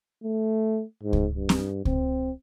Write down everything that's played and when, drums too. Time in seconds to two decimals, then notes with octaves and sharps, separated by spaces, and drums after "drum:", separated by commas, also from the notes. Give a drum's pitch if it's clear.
0.24 A3
1.03 G#2
1.13 drum: kick C#2
1.35 G2
1.49 drum: snare
1.85 C4, drum: kick C#2